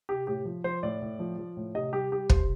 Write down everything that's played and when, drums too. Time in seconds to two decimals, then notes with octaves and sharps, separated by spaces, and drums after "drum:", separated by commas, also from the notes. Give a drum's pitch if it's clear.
0.09 C3 G4
0.27 A2 G4
0.45 F3
0.64 F3 C5
0.83 A2 D5
1.02 A2
1.19 F3
1.38 F3
1.57 A2
1.75 C3 D#5
1.93 G3 G4
2.12 G3 G4
2.30 C3 C5, drum: kick